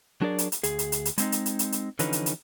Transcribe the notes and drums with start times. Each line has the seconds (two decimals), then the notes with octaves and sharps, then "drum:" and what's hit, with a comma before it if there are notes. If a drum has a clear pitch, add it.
0.21 F#3 D4 G#4 A#4 D5
0.38 drum: hi-hat
0.52 drum: hi-hat
0.63 D2 G#4, drum: hi-hat
0.79 drum: hi-hat
0.92 drum: hi-hat
1.05 drum: hi-hat
1.18 G#3 C4 D#4, drum: hi-hat
1.32 drum: hi-hat
1.46 drum: hi-hat
1.59 drum: hi-hat
1.72 drum: hi-hat
1.99 D3 E3 F3 C#4 D#4 B4, drum: hi-hat
2.13 drum: hi-hat
2.26 drum: hi-hat